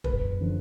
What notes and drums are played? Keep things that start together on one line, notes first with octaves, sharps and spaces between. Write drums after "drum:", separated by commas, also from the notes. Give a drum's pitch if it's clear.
F#1 B4, drum: kick
D3 F3